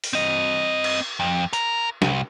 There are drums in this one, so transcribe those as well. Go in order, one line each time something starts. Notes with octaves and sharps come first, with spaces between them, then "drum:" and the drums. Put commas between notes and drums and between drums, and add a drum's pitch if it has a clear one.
drum: open hi-hat
C4 D#5
drum: cymbal
F2
A#4, drum: hi-hat
C2, drum: snare